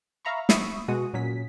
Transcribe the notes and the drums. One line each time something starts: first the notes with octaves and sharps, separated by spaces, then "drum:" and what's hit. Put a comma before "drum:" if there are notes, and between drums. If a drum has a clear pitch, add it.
E5 F5 A#5 B5 C#6
E5 B5 C#6 D#6 E6, drum: snare
B2 G#3 F#4 D#6
A#2 F#3 C#4 B6